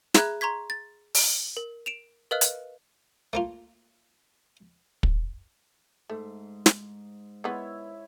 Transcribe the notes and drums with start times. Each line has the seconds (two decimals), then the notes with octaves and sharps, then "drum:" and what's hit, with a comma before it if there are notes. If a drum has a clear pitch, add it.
0.14 G#4 E5 A#5 B5 F#6 G#6, drum: snare
0.41 A#5 C6 C#6 G#6 B6
0.70 A6
1.14 drum: open hi-hat
1.57 A#4
1.86 D7 E7 F7
2.31 A#4 B4 D#5 F5 F6 F#6
2.41 drum: hi-hat
3.33 A3 A#3 F4
5.03 drum: kick
6.10 G#2 A3
6.66 drum: snare
7.44 G#3 B3 E4 C#5 E5